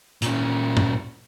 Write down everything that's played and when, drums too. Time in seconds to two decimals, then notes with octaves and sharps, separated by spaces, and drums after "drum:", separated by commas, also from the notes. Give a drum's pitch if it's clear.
0.22 A#2 C#4, drum: hi-hat
0.77 drum: tom